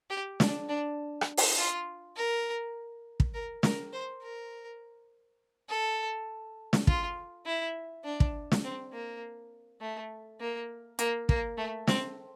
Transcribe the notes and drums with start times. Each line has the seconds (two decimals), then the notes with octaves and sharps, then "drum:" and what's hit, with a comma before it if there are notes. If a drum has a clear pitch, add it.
0.10 G4
0.40 D4, drum: snare
0.69 D4
1.21 drum: rim click
1.37 drum: open hi-hat
1.58 F4
2.16 A#4
3.20 drum: kick
3.34 A#4
3.63 A#4, drum: snare
3.93 C5
4.23 A#4
5.70 A4
6.73 drum: snare
6.87 F4, drum: kick
7.46 E4
8.04 D4
8.20 drum: kick
8.52 drum: snare
8.64 C4
8.93 A#3
9.81 A3
10.40 A#3
10.99 A#3, drum: hi-hat
11.29 A#3, drum: kick
11.58 A3
11.87 C4, drum: snare